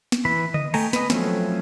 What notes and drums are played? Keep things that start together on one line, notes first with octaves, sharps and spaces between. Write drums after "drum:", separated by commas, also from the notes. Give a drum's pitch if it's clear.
drum: snare
E3 B5
D#5, drum: tom C#3
A3 G5 G#5 A#5, drum: cymbal
B4 D#5, drum: snare
F3 F#3 A3 C4 C#4, drum: snare